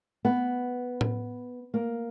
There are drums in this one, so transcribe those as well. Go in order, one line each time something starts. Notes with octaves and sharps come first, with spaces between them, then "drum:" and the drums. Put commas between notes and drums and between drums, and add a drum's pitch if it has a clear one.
B3
drum: tom A2
A#3